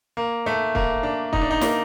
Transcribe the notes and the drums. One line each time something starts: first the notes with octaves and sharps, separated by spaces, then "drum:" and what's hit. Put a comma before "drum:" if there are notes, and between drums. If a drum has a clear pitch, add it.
A#3
A3
A#3, drum: kick
D4
D#4, drum: kick
D4
D#4
A#3, drum: snare